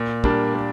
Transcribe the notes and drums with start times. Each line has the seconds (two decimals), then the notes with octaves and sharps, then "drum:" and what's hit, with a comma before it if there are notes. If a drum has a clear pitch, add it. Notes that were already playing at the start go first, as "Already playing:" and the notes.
Already playing: A#2
0.24 G3 A#3 D4, drum: kick
0.54 A#2